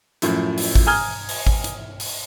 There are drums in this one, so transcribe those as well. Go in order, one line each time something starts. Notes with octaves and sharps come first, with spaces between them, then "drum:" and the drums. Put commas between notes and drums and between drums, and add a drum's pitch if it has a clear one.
F#2 A2 F3, drum: hi-hat
drum: open hi-hat
drum: kick G#1
G#5 A#5 D#6 F6 G#6 G7
drum: open hi-hat
drum: kick G#1
drum: hi-hat
drum: open hi-hat